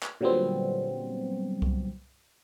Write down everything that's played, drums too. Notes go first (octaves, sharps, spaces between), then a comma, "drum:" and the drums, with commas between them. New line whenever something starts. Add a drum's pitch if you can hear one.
drum: clap
A#2 D3 F#3 G3 B3 C4
drum: kick C2